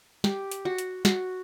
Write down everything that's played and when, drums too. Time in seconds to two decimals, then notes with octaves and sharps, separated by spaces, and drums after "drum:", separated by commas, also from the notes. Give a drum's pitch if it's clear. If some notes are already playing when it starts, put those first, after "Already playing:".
0.24 G4, drum: snare
0.51 drum: hi-hat
0.65 F#4
0.78 drum: hi-hat
1.05 F#4, drum: snare